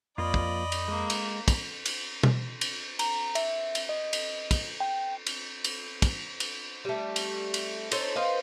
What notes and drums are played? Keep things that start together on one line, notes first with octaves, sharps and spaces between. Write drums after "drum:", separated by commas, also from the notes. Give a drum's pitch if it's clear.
F2 F3 A#3 F4 D5 D#5 B5
drum: kick
drum: cymbal
G#3 A#3
drum: cymbal
drum: kick, cymbal
drum: cymbal
drum: tom B2
drum: cymbal
A#5, drum: cymbal
E5, drum: cymbal
drum: cymbal
D#5
drum: cymbal
drum: kick, cymbal
G5
drum: cymbal
drum: cymbal
drum: kick, cymbal
drum: cymbal
G3 A3
drum: cymbal
drum: cymbal
D#4 A4 C5 C#5, drum: cymbal
B4 C5 D#5 F5